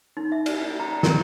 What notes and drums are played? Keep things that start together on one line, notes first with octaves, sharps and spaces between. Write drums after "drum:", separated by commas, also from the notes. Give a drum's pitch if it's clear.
D#4
E5
D5, drum: cymbal
A#5
A#4, drum: snare